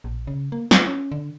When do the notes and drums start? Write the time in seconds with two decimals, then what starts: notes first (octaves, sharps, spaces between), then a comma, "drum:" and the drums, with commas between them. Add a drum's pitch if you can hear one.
0.04 A#1
0.27 C#3
0.52 A#3
0.71 F4, drum: snare
0.87 C#4
1.12 D3